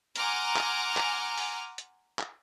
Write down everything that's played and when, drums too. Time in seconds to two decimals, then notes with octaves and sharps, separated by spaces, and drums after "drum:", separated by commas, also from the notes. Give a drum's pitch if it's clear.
0.16 F#5 G#5 A#5 C6 D6 F6, drum: hi-hat
0.56 drum: clap
0.97 drum: clap
1.38 drum: open hi-hat
1.78 drum: hi-hat
2.19 drum: clap